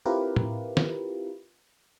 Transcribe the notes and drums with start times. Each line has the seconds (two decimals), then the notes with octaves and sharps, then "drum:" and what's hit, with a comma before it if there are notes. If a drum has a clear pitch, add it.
0.05 C4 E4 F4 G4 A#4 B4
0.36 drum: tom A2
0.77 drum: snare